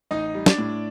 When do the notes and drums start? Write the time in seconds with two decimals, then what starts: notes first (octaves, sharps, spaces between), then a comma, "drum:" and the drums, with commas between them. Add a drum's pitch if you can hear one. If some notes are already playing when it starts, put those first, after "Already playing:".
0.11 A1 D#4 D#5
0.34 G3
0.46 D4 D5, drum: snare
0.58 A2